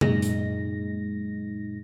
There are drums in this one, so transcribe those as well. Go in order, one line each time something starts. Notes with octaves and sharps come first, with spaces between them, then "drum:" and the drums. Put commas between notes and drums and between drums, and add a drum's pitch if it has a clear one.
F#2 A#2 G#3 D#4 A#6, drum: tom C3
drum: hi-hat